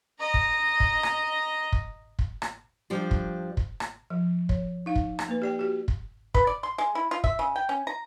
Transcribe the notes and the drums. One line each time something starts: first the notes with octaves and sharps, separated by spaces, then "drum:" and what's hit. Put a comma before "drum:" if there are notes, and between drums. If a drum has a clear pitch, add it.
D#5 A#5
drum: kick
drum: kick
drum: rim click
drum: kick
drum: kick
drum: rim click
F3 G3 D4
drum: kick
drum: kick
drum: rim click
F3
C#5, drum: kick
D#4 F5
drum: kick
drum: rim click
A#3 B4
G4 D5 G5
F#4 G4
drum: kick
B4, drum: kick
D5
C6
G#3
E4
F4
E5, drum: kick
C#3
G5
C#4
A#5